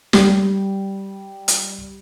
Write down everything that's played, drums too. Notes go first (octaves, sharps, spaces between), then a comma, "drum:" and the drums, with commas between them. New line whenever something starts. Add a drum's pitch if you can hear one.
G3, drum: snare
drum: hi-hat